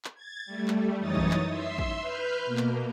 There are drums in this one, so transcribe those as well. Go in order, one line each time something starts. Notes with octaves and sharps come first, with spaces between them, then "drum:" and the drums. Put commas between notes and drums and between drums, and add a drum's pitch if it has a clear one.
drum: clap
G#6 A6
G3 A3
drum: clap
F#2 E3 D#4 C#5 D#6 A6
drum: kick
drum: clap
E5 C6 E6
drum: kick
B4 F6 G6
B2 A#3
drum: clap